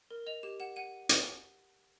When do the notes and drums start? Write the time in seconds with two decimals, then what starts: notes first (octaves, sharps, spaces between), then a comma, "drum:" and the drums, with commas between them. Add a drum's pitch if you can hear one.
0.11 A#4
0.27 D#5 F7
0.43 G4 E7
0.60 F#5 E7
0.76 F#5 D#7
1.09 drum: hi-hat